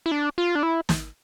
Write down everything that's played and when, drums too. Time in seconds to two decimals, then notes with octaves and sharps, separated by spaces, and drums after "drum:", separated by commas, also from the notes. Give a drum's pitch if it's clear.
0.06 E4
0.12 D4
0.38 F4
0.55 D4
0.63 E4
0.89 drum: snare